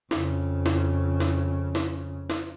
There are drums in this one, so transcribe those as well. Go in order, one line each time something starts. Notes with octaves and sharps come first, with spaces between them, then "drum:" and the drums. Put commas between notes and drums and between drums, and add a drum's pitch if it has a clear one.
F2 C#3, drum: snare
drum: snare
drum: snare
drum: snare
drum: snare